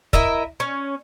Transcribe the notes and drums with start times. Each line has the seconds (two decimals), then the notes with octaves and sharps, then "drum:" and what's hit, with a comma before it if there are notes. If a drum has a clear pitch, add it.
0.13 E4 A#4 D#5 E5, drum: kick
0.60 C#4